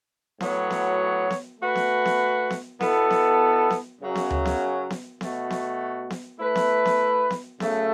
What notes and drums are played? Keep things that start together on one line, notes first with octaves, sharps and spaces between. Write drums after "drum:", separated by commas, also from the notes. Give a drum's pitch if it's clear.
A2 F#3 B3 F#4 C#5, drum: snare B3
drum: snare B3
drum: snare B3
A3 F#4 B4
drum: snare B3
drum: snare B3
drum: snare B3
B2 B3 E4 A4, drum: snare B3
drum: snare B3
drum: snare B3
F#2 C#3 F#3 C#4
drum: snare B3
drum: tom D2
drum: snare B3
drum: snare B3
B2 A3 F#4, drum: snare B3
drum: snare B3
drum: snare B3
A3 E4 B4
drum: snare B3
drum: snare B3
drum: snare B3
F#2 C#3 A3, drum: snare B3